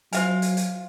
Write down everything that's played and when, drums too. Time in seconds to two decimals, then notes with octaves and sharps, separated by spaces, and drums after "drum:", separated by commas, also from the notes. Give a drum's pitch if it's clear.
0.13 F#3 F4 F#4 C5 E5 F5 G#5, drum: hi-hat
0.42 drum: hi-hat
0.57 drum: hi-hat